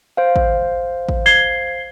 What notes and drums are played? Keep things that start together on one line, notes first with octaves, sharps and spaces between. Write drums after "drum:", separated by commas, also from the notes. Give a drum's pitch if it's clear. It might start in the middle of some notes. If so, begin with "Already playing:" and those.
C5 F5
drum: kick
drum: kick
G#6 C7 G7